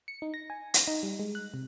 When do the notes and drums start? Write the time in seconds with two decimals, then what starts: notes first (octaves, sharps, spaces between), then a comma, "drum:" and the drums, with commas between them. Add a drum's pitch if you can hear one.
0.08 C#7
0.22 D#4
0.34 A#6
0.50 G#5
0.74 A#6, drum: hi-hat
0.88 D#4
1.03 G3
1.20 G#3
1.35 F#6
1.54 C3